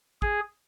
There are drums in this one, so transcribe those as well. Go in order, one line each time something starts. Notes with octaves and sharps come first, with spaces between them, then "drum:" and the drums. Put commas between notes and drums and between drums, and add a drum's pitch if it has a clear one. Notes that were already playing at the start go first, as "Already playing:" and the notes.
G#4, drum: kick